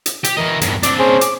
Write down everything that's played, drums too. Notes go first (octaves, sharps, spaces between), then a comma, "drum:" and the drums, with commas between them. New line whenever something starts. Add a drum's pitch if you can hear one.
drum: hi-hat
G4, drum: hi-hat
E3 A#4 D#5
E2 G2, drum: hi-hat
C4 D4 D6, drum: hi-hat
C#4 G#4 C5
D6, drum: hi-hat